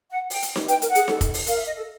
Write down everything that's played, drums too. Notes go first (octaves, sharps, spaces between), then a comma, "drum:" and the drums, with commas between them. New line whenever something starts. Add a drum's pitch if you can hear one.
F#5
G5, drum: open hi-hat
drum: hi-hat
drum: snare D#4
B4 G5, drum: hi-hat
A#4, drum: hi-hat
F#5
G#4, drum: hi-hat
A4, drum: snare D#4
drum: kick, hi-hat
drum: open hi-hat
A#4 F5, drum: hi-hat
E5
D#5
A4